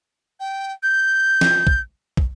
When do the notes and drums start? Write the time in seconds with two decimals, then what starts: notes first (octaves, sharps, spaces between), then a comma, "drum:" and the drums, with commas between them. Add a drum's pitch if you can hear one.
0.40 G5
0.83 G6
1.41 drum: snare
1.67 drum: kick
2.17 drum: kick